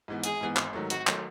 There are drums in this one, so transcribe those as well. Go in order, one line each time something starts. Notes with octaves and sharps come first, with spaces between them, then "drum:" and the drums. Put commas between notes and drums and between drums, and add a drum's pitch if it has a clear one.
G#2 E3 B3
G#1 G#4, drum: hi-hat
G#2 E3 B3
G#1, drum: clap
G#2 D#3 F#3 A3
G#1 F#4, drum: hi-hat
D#3 F#3 A3, drum: clap